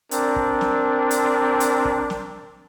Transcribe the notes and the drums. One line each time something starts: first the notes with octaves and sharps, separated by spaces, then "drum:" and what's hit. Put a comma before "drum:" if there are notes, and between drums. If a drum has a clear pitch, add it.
C4 D4 A#4, drum: hi-hat
drum: kick
drum: snare
drum: hi-hat
drum: hi-hat
drum: kick
drum: snare